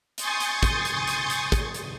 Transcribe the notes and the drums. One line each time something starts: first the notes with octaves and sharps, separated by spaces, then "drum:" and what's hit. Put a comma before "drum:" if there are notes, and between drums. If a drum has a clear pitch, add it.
G#5 C6 C#6 D#6 G6 A6, drum: hi-hat
drum: hi-hat
drum: kick, hi-hat
drum: hi-hat
drum: hi-hat
drum: hi-hat
drum: kick, hi-hat
drum: hi-hat